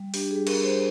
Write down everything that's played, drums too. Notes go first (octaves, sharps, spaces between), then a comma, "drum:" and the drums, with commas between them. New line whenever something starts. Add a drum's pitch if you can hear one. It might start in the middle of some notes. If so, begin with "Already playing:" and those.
Already playing: G3
D4 G4, drum: open hi-hat
G#4
G3
A#4, drum: cymbal
G3 C5